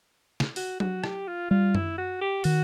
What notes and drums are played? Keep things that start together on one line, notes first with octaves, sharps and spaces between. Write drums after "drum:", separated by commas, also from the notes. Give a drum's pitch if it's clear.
drum: snare
F#4, drum: open hi-hat
F#4, drum: tom F#3
G4, drum: rim click
F4
G3 F4
E4, drum: tom F#2
F#4
G4
D#3 F#4, drum: open hi-hat